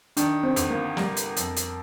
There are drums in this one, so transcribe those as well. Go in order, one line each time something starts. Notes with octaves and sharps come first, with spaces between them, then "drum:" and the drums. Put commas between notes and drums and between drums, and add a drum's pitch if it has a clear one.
D#3 D4, drum: hi-hat
C4
G1, drum: hi-hat
A#3
G3 A#3, drum: snare
drum: hi-hat
F2, drum: hi-hat
drum: hi-hat